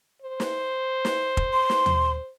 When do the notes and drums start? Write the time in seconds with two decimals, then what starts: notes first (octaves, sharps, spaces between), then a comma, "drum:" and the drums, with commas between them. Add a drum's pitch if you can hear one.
0.22 C5
0.40 drum: snare
1.05 drum: snare
1.37 drum: kick
1.53 C6
1.70 drum: snare
1.86 drum: tom D#2